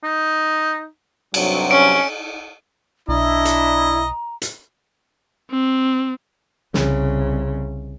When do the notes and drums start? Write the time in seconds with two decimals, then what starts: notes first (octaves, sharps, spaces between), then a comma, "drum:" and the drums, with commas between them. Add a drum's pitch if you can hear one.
0.04 D#4
1.34 G2 C3 F#3, drum: cymbal
1.71 C#4 D7
3.08 B1 D4 E4 D#5 A#5
3.45 drum: hi-hat
4.42 drum: hi-hat
5.51 C4
6.74 C2 C#3, drum: snare